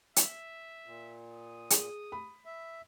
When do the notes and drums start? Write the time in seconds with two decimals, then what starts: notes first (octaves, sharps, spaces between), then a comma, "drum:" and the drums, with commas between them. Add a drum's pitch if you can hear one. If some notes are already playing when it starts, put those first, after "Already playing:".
0.16 E5, drum: hi-hat
0.86 A#2
1.33 D#6
1.70 G#4, drum: hi-hat
2.12 B5
2.46 E5